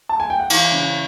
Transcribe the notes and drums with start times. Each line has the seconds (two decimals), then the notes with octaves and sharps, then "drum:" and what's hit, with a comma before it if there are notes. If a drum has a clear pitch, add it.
0.09 A5
0.20 G#5
0.30 G5
0.40 F#5
0.50 E3 F5, drum: cymbal
0.72 C#3